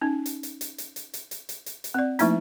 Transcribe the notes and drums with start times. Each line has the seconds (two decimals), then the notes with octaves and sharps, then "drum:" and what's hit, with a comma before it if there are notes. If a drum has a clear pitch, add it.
0.01 C#4 D#4
0.26 drum: hi-hat
0.43 drum: hi-hat
0.61 drum: hi-hat
0.78 drum: hi-hat
0.96 drum: hi-hat
1.14 drum: hi-hat
1.31 drum: hi-hat
1.49 drum: hi-hat
1.66 drum: hi-hat
1.84 drum: hi-hat
1.94 C4 D5
2.19 F3 A3 A#3 D#4 E4, drum: hi-hat